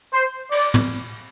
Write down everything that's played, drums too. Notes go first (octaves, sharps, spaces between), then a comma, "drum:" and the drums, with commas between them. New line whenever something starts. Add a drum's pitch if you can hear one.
C5
D5, drum: cymbal
drum: tom